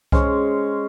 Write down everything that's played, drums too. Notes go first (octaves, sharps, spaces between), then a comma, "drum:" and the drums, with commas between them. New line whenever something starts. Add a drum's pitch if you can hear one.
G#3 C#4 C5, drum: kick C2